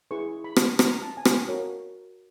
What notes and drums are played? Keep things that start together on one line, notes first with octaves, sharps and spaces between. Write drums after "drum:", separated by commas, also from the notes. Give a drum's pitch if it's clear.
E4 G#4 B4 C#6
B5
drum: rim click
A#5, drum: rim click
A5
G#5
G5, drum: rim click
F#4 A#4 C#5